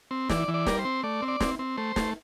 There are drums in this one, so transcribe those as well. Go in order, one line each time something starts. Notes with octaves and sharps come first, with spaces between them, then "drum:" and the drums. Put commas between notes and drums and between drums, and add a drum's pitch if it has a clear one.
C4
E3 D5, drum: snare
E3
D5
G3 A#4, drum: snare
C5
C4
A3 D5
C4
D5
C4, drum: snare
C4
A3 C5
A3, drum: snare